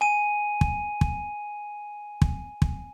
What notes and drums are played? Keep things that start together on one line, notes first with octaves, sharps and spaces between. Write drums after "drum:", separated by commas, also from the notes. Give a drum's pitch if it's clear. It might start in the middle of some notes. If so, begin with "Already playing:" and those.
G#5 D#7
drum: kick
drum: kick
drum: kick
drum: kick